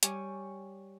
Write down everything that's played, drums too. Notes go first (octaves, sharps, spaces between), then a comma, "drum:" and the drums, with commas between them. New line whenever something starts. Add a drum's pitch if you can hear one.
G3 G4 C#5 G#5 C#6, drum: hi-hat